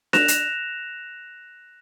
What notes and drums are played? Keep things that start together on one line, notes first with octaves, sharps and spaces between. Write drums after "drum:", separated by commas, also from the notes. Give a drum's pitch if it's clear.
F#6 A#6 E7 F7, drum: snare D4
drum: hi-hat